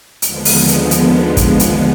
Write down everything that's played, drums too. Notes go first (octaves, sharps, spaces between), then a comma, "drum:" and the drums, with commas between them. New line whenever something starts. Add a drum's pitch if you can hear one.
D#2 D3 F3 G#3 B3, drum: hi-hat
drum: open hi-hat
drum: hi-hat
drum: hi-hat
drum: kick, hi-hat
drum: hi-hat